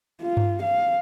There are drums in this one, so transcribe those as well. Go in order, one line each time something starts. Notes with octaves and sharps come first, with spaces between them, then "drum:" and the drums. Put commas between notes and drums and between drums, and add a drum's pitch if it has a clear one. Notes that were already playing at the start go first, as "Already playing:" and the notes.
F4
drum: tom G2
F5